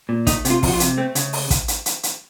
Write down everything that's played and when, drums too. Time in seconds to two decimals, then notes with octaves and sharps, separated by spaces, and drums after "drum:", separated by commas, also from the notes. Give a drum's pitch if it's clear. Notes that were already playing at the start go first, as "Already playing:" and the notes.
0.09 A#2
0.27 A3 D#4, drum: kick, hi-hat
0.45 C3, drum: hi-hat
0.50 F4
0.63 F3, drum: kick, open hi-hat
0.68 F#4
0.74 F4
0.80 C3, drum: hi-hat
0.97 A3 C4
1.15 C#3, drum: hi-hat
1.33 drum: open hi-hat
1.50 drum: kick, hi-hat
1.68 drum: hi-hat
1.86 drum: hi-hat
2.03 drum: hi-hat